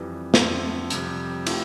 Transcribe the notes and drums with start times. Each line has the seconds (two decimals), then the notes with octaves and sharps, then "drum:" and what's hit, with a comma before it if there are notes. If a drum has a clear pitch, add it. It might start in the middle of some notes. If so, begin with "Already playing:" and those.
Already playing: F2 E3 G3
0.34 F2 D3 A3 C4, drum: snare
0.90 F2 C3 G3, drum: hi-hat
1.46 F3 A3 E4 G4, drum: cymbal